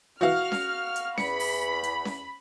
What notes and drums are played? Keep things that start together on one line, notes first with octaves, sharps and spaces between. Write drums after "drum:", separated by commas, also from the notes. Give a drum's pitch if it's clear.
B2 E3 F3 F#4 F5 F6
drum: snare C#4
drum: hi-hat
E2 B5 C#7, drum: snare C#4
drum: open hi-hat
drum: hi-hat
drum: snare C#4